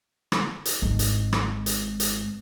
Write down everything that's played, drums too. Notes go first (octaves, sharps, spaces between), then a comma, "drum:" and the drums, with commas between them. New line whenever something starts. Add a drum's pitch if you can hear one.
drum: rim click
drum: hi-hat
G#1 G#3
drum: hi-hat
drum: rim click
drum: hi-hat
drum: hi-hat